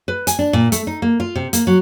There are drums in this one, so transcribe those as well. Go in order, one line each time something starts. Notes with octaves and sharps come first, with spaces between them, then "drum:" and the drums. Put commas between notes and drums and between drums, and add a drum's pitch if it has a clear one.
B4
G#5, drum: hi-hat
D4
A#2
A3, drum: hi-hat
D#4
A#3
F4
C3
A#3, drum: hi-hat
F#3